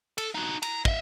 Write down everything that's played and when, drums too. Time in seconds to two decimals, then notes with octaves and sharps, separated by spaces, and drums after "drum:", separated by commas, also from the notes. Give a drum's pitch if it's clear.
0.18 A4, drum: cymbal
0.35 D#4 F#4
0.63 A#5, drum: cymbal
0.85 D#5 E5, drum: kick